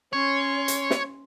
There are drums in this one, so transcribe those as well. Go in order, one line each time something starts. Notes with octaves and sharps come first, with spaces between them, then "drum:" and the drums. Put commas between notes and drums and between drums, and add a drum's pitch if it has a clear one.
C#4 C#5 C6
drum: hi-hat
drum: snare